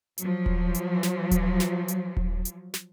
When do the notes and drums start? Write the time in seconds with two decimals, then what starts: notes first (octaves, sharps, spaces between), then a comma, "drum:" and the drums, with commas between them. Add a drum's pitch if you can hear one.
0.18 F3 F#3, drum: hi-hat
0.46 drum: kick D#1
0.74 drum: hi-hat
1.03 drum: snare
1.31 drum: kick D#1, hi-hat
1.60 drum: snare
1.88 drum: hi-hat
2.17 drum: kick D#1
2.45 drum: hi-hat
2.74 drum: snare